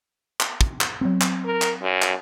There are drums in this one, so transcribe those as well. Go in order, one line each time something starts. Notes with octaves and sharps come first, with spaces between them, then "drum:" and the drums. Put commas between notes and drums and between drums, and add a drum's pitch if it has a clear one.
drum: clap
drum: kick
drum: clap
F#3 B3 C4
drum: clap
A#4
drum: clap
F#2
drum: clap